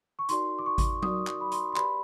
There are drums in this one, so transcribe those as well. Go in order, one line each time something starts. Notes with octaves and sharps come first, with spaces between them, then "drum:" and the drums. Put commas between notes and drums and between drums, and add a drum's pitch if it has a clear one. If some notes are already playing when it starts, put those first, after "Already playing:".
C#6
D#4 F#4 A#4 D5 C6, drum: hi-hat
D6
C#6
drum: kick G#1, hi-hat
D#4 F#4 A#4 D5 D#6, drum: tom F#3
drum: clap
B5
C6, drum: hi-hat
C6
G4 B4 D5 B5, drum: clap